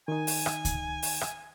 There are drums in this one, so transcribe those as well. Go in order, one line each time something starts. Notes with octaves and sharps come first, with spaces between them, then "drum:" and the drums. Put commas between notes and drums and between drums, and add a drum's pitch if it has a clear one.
D#3 D#4 G#5
drum: open hi-hat
drum: rim click
drum: kick C#2, hi-hat
drum: open hi-hat
drum: rim click